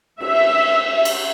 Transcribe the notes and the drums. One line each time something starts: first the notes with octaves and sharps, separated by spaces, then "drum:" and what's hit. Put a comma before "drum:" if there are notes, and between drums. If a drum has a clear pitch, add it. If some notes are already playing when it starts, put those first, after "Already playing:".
E5, drum: cymbal
drum: cymbal